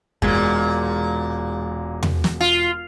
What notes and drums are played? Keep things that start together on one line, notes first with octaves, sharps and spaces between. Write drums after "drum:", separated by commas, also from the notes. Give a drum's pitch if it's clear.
E1 A#2 G#3 G#6, drum: kick F#2
drum: tom E2
drum: snare
F4